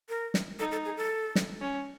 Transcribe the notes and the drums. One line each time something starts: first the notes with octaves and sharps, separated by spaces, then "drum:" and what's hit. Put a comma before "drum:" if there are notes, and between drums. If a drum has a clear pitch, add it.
A#4
drum: snare
D#4 A4
A4
G#4
A4
drum: snare
C#4